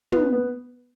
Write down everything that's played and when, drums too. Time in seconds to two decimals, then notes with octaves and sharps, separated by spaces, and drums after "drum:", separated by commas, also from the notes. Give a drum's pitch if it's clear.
0.12 B3, drum: tom
0.32 B3